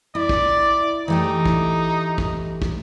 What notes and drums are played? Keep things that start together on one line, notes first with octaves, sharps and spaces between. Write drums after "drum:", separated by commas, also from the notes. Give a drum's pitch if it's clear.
E4 D5
drum: kick
E3 A3 D#4 G4
drum: kick
drum: kick
drum: kick